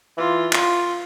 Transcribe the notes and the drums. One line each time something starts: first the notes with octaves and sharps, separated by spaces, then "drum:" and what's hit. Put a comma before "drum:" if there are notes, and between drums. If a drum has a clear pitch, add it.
E3 F4
F4, drum: clap